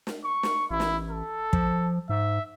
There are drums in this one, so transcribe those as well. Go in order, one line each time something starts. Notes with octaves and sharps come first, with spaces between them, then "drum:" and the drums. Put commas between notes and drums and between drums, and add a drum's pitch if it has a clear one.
drum: snare
C#6
drum: snare
A1 E4
drum: snare
A4
F3, drum: kick
G#2 E5